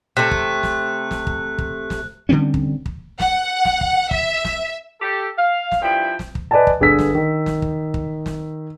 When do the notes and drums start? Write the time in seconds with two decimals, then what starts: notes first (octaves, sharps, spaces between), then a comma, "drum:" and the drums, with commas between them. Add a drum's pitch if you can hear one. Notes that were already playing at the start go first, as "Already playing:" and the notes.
0.17 C3 A3 F#6
0.31 drum: kick
0.63 drum: snare
1.11 drum: snare
1.27 drum: kick
1.58 drum: kick
1.90 drum: snare
2.29 D3 G3 C4 C#4
2.54 drum: kick
2.86 drum: kick
3.20 F#5, drum: snare
3.65 drum: snare
3.81 drum: kick
4.11 E5, drum: kick
4.44 drum: snare
5.00 G4 A4
5.37 F5
5.72 drum: snare
5.81 G2 F3 E4 G5
6.19 drum: snare
6.35 drum: kick
6.51 B4 D5 D#5 G#5 A5
6.67 drum: kick
6.80 G1 D3 G#4 B4 E6 B6
6.99 drum: snare
7.15 D#3
7.46 drum: snare
7.62 drum: kick
7.94 drum: kick
8.26 drum: snare